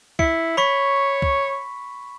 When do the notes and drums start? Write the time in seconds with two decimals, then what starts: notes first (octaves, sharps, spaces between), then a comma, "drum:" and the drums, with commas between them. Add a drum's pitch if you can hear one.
0.19 E4 C#7, drum: kick
0.57 C#5 B5 C#6 B6
1.22 drum: kick